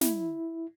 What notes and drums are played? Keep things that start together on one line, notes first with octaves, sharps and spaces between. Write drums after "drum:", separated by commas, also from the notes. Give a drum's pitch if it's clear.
E4, drum: snare